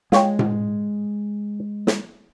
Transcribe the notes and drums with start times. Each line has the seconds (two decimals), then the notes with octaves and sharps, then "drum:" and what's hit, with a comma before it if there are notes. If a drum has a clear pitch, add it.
0.12 G#3 F4 C#5 G5, drum: snare
0.39 drum: tom A2
1.87 drum: snare